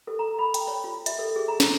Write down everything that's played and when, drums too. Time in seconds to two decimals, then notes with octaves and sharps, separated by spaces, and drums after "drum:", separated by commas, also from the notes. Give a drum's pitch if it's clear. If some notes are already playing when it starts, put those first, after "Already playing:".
0.07 A4
0.19 A#5
0.39 B5
0.54 G5, drum: hi-hat
0.67 C#5
0.84 F4
1.06 E5, drum: hi-hat
1.19 A4
1.36 G#4
1.48 A#5
1.60 C6, drum: snare